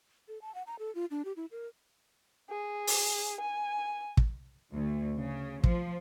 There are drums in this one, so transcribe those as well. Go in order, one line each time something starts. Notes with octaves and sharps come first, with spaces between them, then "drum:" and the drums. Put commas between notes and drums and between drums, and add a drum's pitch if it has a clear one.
A4
A5
F#5
A#5
A4
F4
D4
G4
E4
A#4
G#4
drum: open hi-hat
G#5
drum: kick
D2
C#3
F3, drum: kick